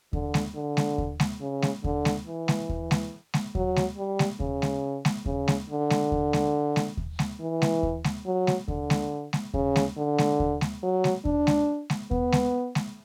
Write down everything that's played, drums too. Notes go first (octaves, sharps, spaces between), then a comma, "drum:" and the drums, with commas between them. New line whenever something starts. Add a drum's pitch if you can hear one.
D3, drum: kick D#2
drum: snare G#3
D3
drum: snare G#3
drum: kick D#2
drum: snare G#3
C#3
drum: snare G#3
D3, drum: kick D#2
drum: snare G#3
E3
drum: snare G#3
drum: kick D#2
drum: snare G#3
drum: snare G#3
F#3, drum: kick D#2
drum: snare G#3
G3
drum: snare G#3
C#3, drum: kick D#2
drum: snare G#3
drum: snare G#3
C#3, drum: kick D#2
drum: snare G#3
D3
drum: snare G#3
drum: kick D#2
drum: snare G#3
drum: snare G#3
drum: kick D#2
drum: snare G#3
E3
drum: snare G#3
drum: kick D#2
drum: snare G#3
F#3
drum: snare G#3
D3, drum: kick D#2
drum: snare G#3
drum: snare G#3
C#3, drum: kick D#2
drum: snare G#3
D3
drum: snare G#3
drum: kick D#2
drum: snare G#3
F#3
drum: snare G#3
D4, drum: kick D#2
drum: snare G#3
drum: snare G#3
B3, drum: kick D#2
drum: snare G#3
drum: snare G#3